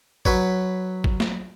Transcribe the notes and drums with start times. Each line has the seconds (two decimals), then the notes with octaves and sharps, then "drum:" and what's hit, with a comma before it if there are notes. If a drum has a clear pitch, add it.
0.25 F#3 B4 C#5, drum: kick
1.04 drum: kick
1.20 drum: snare